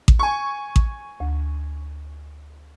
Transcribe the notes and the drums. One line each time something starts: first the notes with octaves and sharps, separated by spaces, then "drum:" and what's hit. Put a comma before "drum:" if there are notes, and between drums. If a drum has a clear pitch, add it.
drum: kick A1
G#5 C#6
drum: kick A1
D2